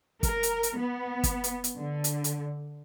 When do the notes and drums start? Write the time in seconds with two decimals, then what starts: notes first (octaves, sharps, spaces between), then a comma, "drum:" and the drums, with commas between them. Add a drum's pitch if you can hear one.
0.23 A#4, drum: kick, hi-hat
0.43 drum: hi-hat
0.63 drum: hi-hat
0.78 B3
1.24 drum: kick, hi-hat
1.44 drum: hi-hat
1.64 drum: hi-hat
1.78 D3
2.04 drum: hi-hat
2.24 drum: hi-hat